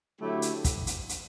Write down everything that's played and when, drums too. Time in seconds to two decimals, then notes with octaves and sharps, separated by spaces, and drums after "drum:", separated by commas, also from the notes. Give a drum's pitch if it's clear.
0.20 D3 F#3 A3 E4 G4
0.42 drum: hi-hat
0.64 drum: kick, hi-hat
0.87 drum: hi-hat
1.09 drum: hi-hat